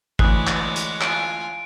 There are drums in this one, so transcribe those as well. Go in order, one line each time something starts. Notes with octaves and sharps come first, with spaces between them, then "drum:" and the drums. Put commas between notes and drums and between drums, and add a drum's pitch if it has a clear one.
D2 E3 G#3 C#5 D5 B5 D#6 F#6, drum: kick
drum: clap
drum: hi-hat
F4 G#5 D7, drum: clap